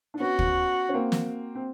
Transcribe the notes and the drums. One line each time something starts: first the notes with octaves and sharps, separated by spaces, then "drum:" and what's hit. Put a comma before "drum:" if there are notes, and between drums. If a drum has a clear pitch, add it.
D4
B3 C#4 F#4
drum: kick
C#4
A#3 C4
drum: snare
C4